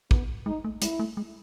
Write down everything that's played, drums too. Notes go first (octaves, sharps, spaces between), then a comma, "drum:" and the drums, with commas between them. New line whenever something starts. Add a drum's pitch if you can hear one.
B3, drum: kick
G#3 D#4
A3
G#3 E4, drum: hi-hat
A3
G#3